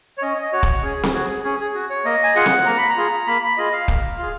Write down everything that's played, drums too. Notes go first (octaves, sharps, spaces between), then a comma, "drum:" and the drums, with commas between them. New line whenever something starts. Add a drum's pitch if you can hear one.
C#5
C#4 D#5
D#5
F#4 C#5
drum: kick
C#4 G#4
drum: snare C4
F#4 G#4
C#4 G#4
G#4
F#4
C#5
A#3 D#5
G#5
F4 G#4 F#5
drum: snare C4
A#3 A#5
B5
A#5
F4 G#4
A#3 B5
B5
F4 G#4 D#5
F5
A#3, drum: kick
F4 G#4